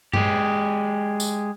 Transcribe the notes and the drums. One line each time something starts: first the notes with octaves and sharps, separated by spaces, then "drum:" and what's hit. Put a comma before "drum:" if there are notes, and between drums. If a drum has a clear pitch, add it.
G#3 G4, drum: tom G2
drum: tambourine